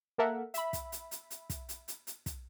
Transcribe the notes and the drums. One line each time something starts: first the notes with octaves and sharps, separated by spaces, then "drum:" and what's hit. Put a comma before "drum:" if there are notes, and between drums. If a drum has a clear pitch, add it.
A#3 A4 A#4 E5 F#5
E5 B5, drum: hi-hat
drum: kick, hi-hat
drum: hi-hat
drum: hi-hat
drum: hi-hat
drum: kick, hi-hat
drum: hi-hat
drum: hi-hat
drum: hi-hat
drum: kick, hi-hat